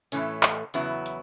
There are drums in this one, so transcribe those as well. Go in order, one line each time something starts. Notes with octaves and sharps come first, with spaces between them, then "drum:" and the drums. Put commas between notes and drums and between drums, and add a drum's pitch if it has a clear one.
A2 E3 A3 C#4, drum: hi-hat
drum: clap
E2 C#3 F#3 B3 E4, drum: hi-hat
drum: hi-hat